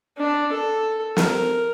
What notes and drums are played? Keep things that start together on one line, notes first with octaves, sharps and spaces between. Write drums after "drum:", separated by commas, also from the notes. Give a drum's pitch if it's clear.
D4
A4
A#4, drum: snare